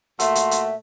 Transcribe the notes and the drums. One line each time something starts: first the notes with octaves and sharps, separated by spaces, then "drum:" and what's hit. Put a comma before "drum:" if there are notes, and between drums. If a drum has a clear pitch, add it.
A#2 A3 F#4 E5 C6, drum: hi-hat
drum: hi-hat
drum: hi-hat